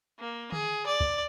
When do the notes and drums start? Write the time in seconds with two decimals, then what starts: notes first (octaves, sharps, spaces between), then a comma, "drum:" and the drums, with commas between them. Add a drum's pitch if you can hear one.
0.19 A#3
0.52 G#4, drum: tom D3
0.87 D5
1.00 drum: kick C#2